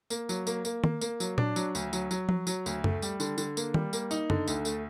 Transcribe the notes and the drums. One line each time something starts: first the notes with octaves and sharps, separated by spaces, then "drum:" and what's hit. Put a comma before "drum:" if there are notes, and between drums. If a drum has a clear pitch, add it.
A#3, drum: tambourine
F#3, drum: tambourine
A#3, drum: tambourine
A#3, drum: tambourine
A#3, drum: tom D#3
A#3, drum: tambourine
F#3, drum: tambourine
D4, drum: tom A#2
F#3, drum: tambourine
D2, drum: tambourine
F#3, drum: tambourine
F#3, drum: tambourine
F#3, drum: tom F3
F#3, drum: tambourine
D2, drum: tambourine
A3, drum: tom F#2
G3, drum: tambourine
D3, drum: tambourine
D3, drum: tambourine
A#3, drum: tambourine
G3, drum: tom D#3
A#3, drum: tambourine
D#4, drum: tambourine
D3, drum: tom F#2
D2, drum: tambourine
A3, drum: tambourine